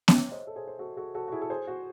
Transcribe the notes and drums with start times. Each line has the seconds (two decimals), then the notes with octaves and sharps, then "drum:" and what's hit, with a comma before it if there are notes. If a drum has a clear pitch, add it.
0.08 C#5 E5, drum: snare B3
0.31 C5 D#5
0.47 A4
0.56 G#4 C5
0.67 C5
0.79 F#4 A4
0.97 F#4 A4
1.15 F#4 A4
1.28 F#4
1.32 E4 G#4
1.42 A4
1.50 G#4 C5
1.67 F#4